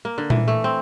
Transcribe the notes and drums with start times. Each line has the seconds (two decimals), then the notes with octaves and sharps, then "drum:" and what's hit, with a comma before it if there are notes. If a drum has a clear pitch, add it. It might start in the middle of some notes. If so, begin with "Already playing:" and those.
0.05 A#3
0.18 D3
0.30 E3, drum: tom A#2
0.48 A3
0.64 C4